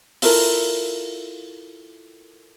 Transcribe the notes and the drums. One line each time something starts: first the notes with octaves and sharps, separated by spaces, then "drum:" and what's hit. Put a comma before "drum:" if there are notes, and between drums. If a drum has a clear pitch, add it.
E4 F4 A4 A#4, drum: open hi-hat